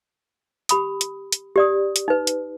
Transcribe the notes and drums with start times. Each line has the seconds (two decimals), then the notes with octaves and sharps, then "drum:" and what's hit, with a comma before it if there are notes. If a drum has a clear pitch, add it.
0.69 G4 B5 D#6, drum: hi-hat
1.01 drum: hi-hat
1.32 drum: hi-hat
1.56 G4 D5 D#6
1.96 drum: hi-hat
2.08 D#4 B4
2.27 drum: hi-hat